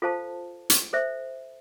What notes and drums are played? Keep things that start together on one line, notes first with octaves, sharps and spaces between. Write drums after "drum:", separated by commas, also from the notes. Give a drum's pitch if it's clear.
F4 A4 C5 F5 A5
drum: hi-hat
A4 C5 E5